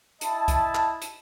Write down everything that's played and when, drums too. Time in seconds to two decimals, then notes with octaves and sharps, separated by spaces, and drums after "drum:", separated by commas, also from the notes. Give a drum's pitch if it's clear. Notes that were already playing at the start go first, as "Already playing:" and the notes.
0.21 E4 D#5 A5, drum: hi-hat
0.48 drum: kick B1, hi-hat
0.75 drum: clap
1.02 drum: hi-hat